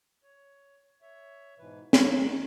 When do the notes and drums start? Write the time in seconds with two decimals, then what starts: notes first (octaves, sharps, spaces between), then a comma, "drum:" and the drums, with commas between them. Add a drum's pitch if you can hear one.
0.23 C#5
1.01 C#5 E5
1.59 G#2 B2 E3 B4
1.93 D#2 G3 D#4 F#4, drum: snare